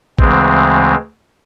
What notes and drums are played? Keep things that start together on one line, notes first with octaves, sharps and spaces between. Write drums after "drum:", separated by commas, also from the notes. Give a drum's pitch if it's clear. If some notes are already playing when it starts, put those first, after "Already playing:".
D2 C#3 E3 G#3 C4, drum: kick